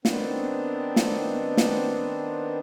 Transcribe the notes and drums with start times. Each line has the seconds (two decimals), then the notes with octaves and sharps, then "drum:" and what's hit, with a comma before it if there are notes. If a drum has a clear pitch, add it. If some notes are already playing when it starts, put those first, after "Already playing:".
0.05 D#3 B3 C4 D4, drum: snare
0.96 drum: snare
1.57 drum: snare